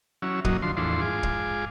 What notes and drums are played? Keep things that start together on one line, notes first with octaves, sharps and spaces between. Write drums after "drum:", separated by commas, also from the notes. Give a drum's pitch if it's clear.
F#3 C#4 E4
F#2 A#2 F#3 D#5, drum: kick
D3 F3 C6
E2 A2 E3 F3 D4 C6
G#2 F4 G#4 D6
drum: kick